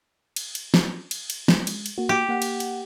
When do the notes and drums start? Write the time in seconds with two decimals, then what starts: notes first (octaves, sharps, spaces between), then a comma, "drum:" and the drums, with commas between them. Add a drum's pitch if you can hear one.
0.36 drum: cymbal
0.55 drum: cymbal
0.74 drum: snare
1.11 drum: cymbal
1.30 drum: cymbal
1.48 G#3, drum: snare
1.67 drum: cymbal
1.86 drum: cymbal
1.98 A#3 F#4
2.09 G4
2.29 A#3 F#5
2.42 drum: cymbal
2.60 drum: cymbal